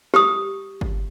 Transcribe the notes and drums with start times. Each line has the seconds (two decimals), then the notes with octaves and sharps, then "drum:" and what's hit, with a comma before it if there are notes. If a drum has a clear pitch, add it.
0.14 G4 D#6, drum: snare
0.81 drum: kick